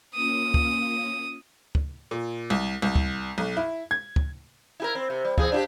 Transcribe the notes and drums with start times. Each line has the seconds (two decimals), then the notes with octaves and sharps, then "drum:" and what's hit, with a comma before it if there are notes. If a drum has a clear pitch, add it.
0.15 A#3 C#4 F4 D#6
0.54 drum: kick
1.75 drum: kick
2.11 A#2
2.50 C2
2.82 C2
2.96 drum: kick
3.38 B1
3.57 E4
3.91 G#6
4.16 drum: kick
4.80 E4 G4 A#4
4.95 C4
5.10 C3
5.25 G3
5.38 E2 C4 G#4, drum: kick
5.52 D4 F4 G4